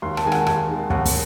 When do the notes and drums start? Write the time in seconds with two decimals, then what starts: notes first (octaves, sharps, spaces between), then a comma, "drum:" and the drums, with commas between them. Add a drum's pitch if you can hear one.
0.02 D#2 C6
0.17 A5, drum: rim click
0.25 D#3 G#3 G#5
0.32 F#5, drum: rim click
0.41 A5
0.47 D#2 G#5, drum: rim click
0.68 D#3 G#3
0.90 D#2 F#5, drum: kick
1.05 drum: kick, open hi-hat